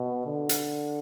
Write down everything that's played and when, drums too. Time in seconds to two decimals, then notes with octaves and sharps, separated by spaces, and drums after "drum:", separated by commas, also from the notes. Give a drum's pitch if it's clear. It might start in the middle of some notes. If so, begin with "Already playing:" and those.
Already playing: B2
0.27 D3
0.49 drum: hi-hat